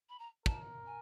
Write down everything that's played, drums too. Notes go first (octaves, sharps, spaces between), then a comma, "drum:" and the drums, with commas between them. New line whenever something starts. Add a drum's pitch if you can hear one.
B5
A#5
A#4 A5, drum: kick
G#5